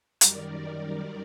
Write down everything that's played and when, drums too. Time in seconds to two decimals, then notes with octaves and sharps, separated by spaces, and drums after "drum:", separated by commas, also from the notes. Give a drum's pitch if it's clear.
0.21 F#2 D#3 G3 A#4 D5, drum: hi-hat
0.67 A#4 D5